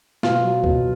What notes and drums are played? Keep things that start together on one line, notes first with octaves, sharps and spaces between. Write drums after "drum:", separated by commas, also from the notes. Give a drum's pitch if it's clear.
B2 F4, drum: snare
F#3
B2, drum: kick C#2